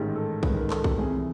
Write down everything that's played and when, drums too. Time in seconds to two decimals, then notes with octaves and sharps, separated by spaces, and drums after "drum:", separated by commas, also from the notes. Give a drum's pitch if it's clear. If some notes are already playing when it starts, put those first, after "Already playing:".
Already playing: A1 G#2 D#3 G4
0.15 A4
0.43 A1 G#2 D#3 B4, drum: kick B1
0.57 A#4
0.70 A4, drum: clap
0.84 G4, drum: kick B1
0.98 C2 C3 E3 G#4